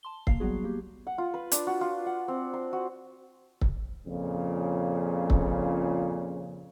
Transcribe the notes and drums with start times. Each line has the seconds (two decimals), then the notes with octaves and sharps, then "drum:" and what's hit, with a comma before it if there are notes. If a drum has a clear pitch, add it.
0.03 A5 C6 G7
0.27 A#3 F5 C7, drum: kick
0.40 F#3 G3 B3 F#4 G#4
0.64 A#3 G4
1.07 F#5
1.18 F4
1.34 B4
1.52 D4, drum: hi-hat
1.67 F#4
1.81 F4
2.06 F#5
2.28 C4
2.54 C6
2.73 F#4
3.61 drum: kick
4.06 F2 A#2 C#3
5.30 drum: kick